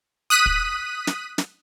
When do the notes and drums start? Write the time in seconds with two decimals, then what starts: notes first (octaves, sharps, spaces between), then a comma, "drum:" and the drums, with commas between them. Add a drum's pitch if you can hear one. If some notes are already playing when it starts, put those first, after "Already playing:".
0.30 D#6 F#6 B6 D#7
0.46 drum: kick
1.07 drum: snare
1.38 drum: snare